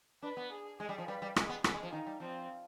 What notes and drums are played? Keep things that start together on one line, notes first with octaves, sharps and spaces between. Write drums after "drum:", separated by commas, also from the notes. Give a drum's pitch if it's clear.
D4 B4
B3
G#4
G#3 G#4
G3
F3
G3 B4
G3
G#3 G#4, drum: rim click
B3
B3 G#4, drum: rim click
G#3
F3
D#3 D#4
G3
F3 C4